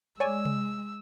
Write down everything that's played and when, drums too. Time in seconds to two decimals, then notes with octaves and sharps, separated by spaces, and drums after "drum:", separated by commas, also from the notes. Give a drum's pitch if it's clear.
0.20 G#3 C#5 D5 G#5 E6
0.45 drum: tom C3